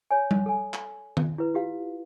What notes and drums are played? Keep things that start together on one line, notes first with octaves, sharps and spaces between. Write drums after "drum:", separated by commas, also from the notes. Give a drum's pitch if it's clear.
C#5 G#5
drum: tom G3
A4 G#5
drum: clap
drum: tom D#3
E4 B4
F4 G4 F5